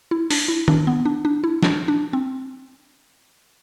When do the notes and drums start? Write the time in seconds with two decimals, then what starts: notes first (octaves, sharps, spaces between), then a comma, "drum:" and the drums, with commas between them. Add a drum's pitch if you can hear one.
0.11 E4
0.31 D4, drum: open hi-hat
0.48 E4
0.68 D4, drum: tom D#3
0.87 B3
1.05 D4
1.25 D4
1.44 E4
1.63 D4, drum: snare
1.88 D4
2.13 C4